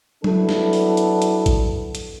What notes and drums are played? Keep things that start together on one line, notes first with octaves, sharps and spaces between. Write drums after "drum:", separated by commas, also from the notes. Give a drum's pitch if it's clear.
F#3 B3 D4 E4 A4, drum: tom F#3
drum: snare
drum: open hi-hat
drum: hi-hat
drum: hi-hat
drum: kick A1, hi-hat
drum: hi-hat